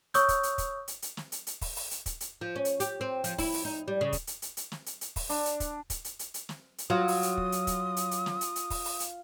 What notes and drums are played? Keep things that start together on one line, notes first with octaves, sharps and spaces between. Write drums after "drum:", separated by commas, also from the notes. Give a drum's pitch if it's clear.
C#5 C#6 D#6 E6 G6, drum: hi-hat
drum: kick, hi-hat
drum: hi-hat
drum: kick, hi-hat
drum: hi-hat
drum: hi-hat
drum: snare
drum: hi-hat
drum: hi-hat
drum: kick, open hi-hat
drum: open hi-hat
drum: hi-hat
drum: kick, hi-hat
drum: hi-hat
F3
C#4
drum: hi-hat
G4, drum: hi-hat
C4
F3, drum: hi-hat
E4, drum: kick, open hi-hat
drum: open hi-hat
D#4
G3
C#3
drum: kick, hi-hat
drum: hi-hat
drum: hi-hat
drum: hi-hat
drum: snare
drum: hi-hat
drum: hi-hat
drum: kick, open hi-hat
D4, drum: open hi-hat
drum: hi-hat
drum: kick, hi-hat
drum: kick, hi-hat
drum: hi-hat
drum: hi-hat
drum: hi-hat
drum: snare
drum: hi-hat
F#3 F4 D#6
drum: open hi-hat
drum: hi-hat
drum: kick
drum: hi-hat
drum: kick, hi-hat
drum: hi-hat
drum: hi-hat
drum: snare
drum: hi-hat
drum: hi-hat
drum: kick, open hi-hat
drum: open hi-hat
drum: hi-hat